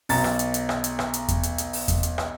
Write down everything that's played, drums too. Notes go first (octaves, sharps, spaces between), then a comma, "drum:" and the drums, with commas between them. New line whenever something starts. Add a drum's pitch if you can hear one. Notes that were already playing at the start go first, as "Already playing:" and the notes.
B1 A#5 A6, drum: open hi-hat
drum: rim click
drum: hi-hat
drum: hi-hat
drum: rim click
drum: hi-hat
drum: rim click
drum: hi-hat
drum: kick E2, hi-hat
drum: hi-hat
drum: hi-hat
drum: open hi-hat
drum: kick E2, hi-hat
drum: hi-hat
drum: rim click